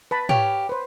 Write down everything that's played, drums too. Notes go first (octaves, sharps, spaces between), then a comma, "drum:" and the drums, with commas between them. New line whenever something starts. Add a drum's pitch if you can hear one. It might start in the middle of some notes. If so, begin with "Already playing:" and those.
B4 A5 B5
G4 C#5 F5, drum: tom
B4 C5